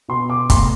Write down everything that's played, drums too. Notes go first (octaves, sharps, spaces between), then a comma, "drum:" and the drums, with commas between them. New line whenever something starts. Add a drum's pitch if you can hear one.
B2 C6
D6
A3 C6, drum: kick, hi-hat